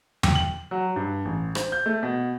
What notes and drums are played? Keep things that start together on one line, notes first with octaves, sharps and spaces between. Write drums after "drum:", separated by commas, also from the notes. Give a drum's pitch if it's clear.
G5, drum: tom E2
F#7
F#3
G2
A1
C5, drum: rim click
G6
A3
B2